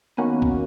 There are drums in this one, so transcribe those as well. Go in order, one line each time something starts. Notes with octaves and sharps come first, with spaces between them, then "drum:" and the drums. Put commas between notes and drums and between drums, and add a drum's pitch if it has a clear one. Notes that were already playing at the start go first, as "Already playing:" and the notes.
D#3 A#3 B3 C#4 F#4
drum: kick B1